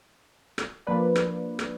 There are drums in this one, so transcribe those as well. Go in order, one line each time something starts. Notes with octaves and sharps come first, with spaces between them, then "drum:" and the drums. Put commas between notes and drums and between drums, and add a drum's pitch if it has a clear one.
drum: rim click
F3 A#3 D4 B4 D5
drum: rim click
drum: rim click